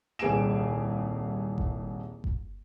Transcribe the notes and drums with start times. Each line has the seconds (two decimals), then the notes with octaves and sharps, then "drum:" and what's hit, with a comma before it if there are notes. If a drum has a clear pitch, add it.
0.19 D#1 C2 G#4 G#5 D7 E7
1.58 drum: kick G1
2.24 drum: kick G1